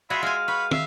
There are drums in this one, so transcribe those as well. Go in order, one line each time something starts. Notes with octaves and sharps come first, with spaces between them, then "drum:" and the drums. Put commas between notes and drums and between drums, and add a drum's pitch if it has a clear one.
G#3 F4 F#4 G#4 E5 B5
G#3 F5 G#5
B4 B5 C#6
E5 F5, drum: tom